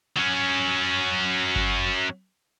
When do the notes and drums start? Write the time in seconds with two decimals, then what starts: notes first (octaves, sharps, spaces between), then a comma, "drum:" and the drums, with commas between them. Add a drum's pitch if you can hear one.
0.17 F#3 C#4
1.56 drum: kick G1